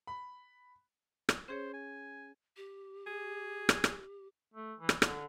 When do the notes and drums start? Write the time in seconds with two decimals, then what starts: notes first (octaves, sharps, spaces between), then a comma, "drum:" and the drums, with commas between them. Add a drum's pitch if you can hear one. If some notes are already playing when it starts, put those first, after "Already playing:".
0.07 B5
1.29 drum: rim click
1.48 C#4 G#4 C5 C#5
1.74 G#5
2.57 G4
3.07 G#4
3.69 drum: rim click
3.84 drum: rim click
4.54 A3
4.80 E3
4.89 drum: rim click
5.02 D3, drum: rim click